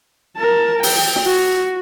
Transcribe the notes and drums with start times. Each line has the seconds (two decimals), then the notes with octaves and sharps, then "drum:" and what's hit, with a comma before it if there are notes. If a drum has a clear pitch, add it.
0.37 A#4 A5
0.83 G5, drum: open hi-hat
1.16 drum: snare
1.26 F#4